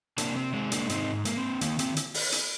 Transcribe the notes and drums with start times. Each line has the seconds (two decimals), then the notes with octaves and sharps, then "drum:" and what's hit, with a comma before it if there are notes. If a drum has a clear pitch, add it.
0.18 C3 A#3 D4, drum: hi-hat
0.36 C4
0.54 G#3 C4
0.72 A#3 D4, drum: hi-hat
0.89 G#2 C4 D#4, drum: hi-hat
1.25 A#3, drum: hi-hat
1.37 C4
1.61 D#3 A#3, drum: hi-hat
1.79 C4, drum: hi-hat
1.97 drum: hi-hat
2.14 drum: open hi-hat
2.32 drum: hi-hat